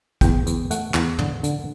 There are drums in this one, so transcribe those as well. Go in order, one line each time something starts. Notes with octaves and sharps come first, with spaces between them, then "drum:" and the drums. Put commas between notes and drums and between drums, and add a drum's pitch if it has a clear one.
E2 G5, drum: kick, hi-hat
E2, drum: hi-hat
A3 F#5, drum: hi-hat
E2, drum: clap
D3, drum: tom
D3, drum: hi-hat